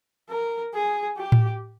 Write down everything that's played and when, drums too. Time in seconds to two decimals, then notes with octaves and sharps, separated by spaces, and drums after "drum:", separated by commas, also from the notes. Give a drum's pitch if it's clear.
0.29 A#4
0.74 G#4
1.17 G4
1.32 drum: tom A2